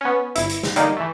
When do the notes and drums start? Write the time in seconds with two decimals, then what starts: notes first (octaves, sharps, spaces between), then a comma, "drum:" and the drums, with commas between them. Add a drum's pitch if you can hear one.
0.01 B3 C#4
0.35 G1 E4, drum: hi-hat
0.49 drum: hi-hat
0.63 drum: snare
0.76 D3 G3 A#3 D#4, drum: hi-hat
0.97 E3 A3